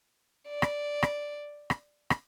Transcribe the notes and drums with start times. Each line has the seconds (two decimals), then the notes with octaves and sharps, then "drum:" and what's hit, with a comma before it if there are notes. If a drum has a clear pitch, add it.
0.49 D5
0.62 drum: rim click
1.03 drum: rim click
1.70 drum: rim click
2.10 drum: rim click